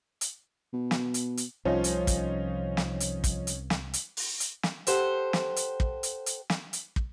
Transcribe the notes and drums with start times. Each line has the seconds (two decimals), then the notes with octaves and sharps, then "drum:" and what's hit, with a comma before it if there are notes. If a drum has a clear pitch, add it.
0.21 drum: hi-hat
0.73 B2
0.91 drum: snare
1.14 drum: hi-hat
1.37 drum: hi-hat
1.65 C2 C3 F3 C#4 D#4 F4
1.84 drum: hi-hat
2.07 drum: kick, hi-hat
2.77 drum: snare
3.00 drum: hi-hat
3.24 drum: kick, hi-hat
3.47 drum: hi-hat
3.70 drum: snare
3.94 drum: hi-hat
4.17 drum: open hi-hat
4.40 drum: hi-hat
4.63 drum: snare
4.87 G4 A4 C5 F#5, drum: hi-hat
5.33 drum: snare
5.56 drum: hi-hat
5.80 drum: kick
6.03 drum: hi-hat
6.26 drum: hi-hat
6.50 drum: snare
6.73 drum: hi-hat
6.96 drum: kick